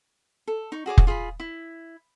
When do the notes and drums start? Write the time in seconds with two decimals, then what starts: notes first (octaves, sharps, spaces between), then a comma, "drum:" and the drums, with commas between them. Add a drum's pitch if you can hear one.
0.47 A4
0.72 D#4 C#6
0.86 F#4 G#4 C#5 D6
0.98 drum: kick F1
1.07 F4 G#4 F5 B5
1.40 E4